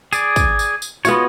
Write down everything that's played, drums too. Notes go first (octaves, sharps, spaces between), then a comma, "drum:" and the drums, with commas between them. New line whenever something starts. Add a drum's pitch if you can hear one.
G#4 D5, drum: tambourine
drum: kick, tambourine
drum: tambourine
drum: tambourine
B3 F4 F#4 C#5 D#5, drum: tambourine